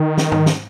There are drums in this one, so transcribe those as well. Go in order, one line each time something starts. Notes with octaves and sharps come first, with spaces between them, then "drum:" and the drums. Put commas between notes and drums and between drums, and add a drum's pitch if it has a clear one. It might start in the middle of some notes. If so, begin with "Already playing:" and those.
Already playing: D#3
drum: snare
drum: tom
drum: snare